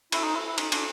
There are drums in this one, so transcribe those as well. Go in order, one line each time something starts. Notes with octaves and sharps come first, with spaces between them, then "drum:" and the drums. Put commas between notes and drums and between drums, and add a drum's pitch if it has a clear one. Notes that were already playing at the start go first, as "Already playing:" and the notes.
E4, drum: cymbal
D#4
E4
E4
D#4, drum: cymbal
D4, drum: cymbal